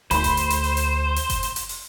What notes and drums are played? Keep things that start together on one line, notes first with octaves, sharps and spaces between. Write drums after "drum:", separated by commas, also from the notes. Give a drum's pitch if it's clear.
D2 C5 B5 C6, drum: hi-hat
drum: kick F#1, hi-hat
drum: hi-hat
drum: hi-hat
drum: open hi-hat
drum: hi-hat
drum: hi-hat
drum: kick F#1, hi-hat
drum: hi-hat
drum: hi-hat
drum: open hi-hat